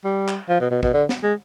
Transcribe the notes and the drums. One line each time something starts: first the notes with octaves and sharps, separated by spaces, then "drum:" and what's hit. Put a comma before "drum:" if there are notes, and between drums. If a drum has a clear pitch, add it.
G3
drum: clap
F3
B2
B2
B2, drum: kick
D3
drum: snare
G#3